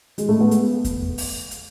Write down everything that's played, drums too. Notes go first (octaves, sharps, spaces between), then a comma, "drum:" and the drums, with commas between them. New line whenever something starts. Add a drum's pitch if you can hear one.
G#3, drum: hi-hat
A3
B3
drum: hi-hat
drum: kick E2, hi-hat
drum: open hi-hat
drum: hi-hat